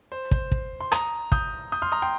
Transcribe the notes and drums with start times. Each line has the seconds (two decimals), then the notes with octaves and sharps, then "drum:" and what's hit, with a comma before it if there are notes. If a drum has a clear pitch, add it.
0.12 C5
0.31 C5, drum: kick
0.52 drum: kick
0.81 C6
0.92 A#5 D#6, drum: rim click
1.32 D#6 G6, drum: kick
1.72 D#6 G6
1.82 C6 F6
1.92 A#5 D#6
2.02 G5 C6